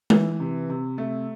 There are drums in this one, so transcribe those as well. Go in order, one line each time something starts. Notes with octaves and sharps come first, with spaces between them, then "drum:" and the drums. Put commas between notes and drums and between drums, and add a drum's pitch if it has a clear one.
E3, drum: tom G#3
C3
C3
A3